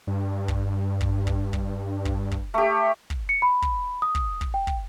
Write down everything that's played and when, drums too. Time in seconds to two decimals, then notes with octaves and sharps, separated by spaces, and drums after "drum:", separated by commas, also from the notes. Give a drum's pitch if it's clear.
0.07 G2
0.48 drum: kick
1.01 drum: kick
1.27 drum: kick
1.53 drum: kick
2.05 drum: kick
2.31 drum: kick
2.54 A3 G4
3.10 drum: kick
3.29 C#7
3.42 B5
3.62 drum: kick
4.02 D#6
4.15 drum: kick
4.41 drum: kick
4.54 G5
4.67 drum: kick